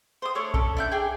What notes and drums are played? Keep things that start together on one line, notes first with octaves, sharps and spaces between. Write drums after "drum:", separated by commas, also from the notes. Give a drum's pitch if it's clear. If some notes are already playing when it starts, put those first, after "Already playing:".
C5 D#6
A3 D4 C#5 D5
C#4 A4, drum: kick B1
D4 E4 G6
D4 G#4 G5 G#5